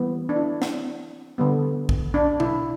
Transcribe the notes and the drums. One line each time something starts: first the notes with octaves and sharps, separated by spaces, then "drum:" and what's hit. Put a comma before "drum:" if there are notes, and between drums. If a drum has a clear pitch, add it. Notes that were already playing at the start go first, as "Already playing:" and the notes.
Already playing: E3 G3 B3
D4
E4
drum: snare
D3 G3 B3
drum: kick
D4
E4, drum: tom B2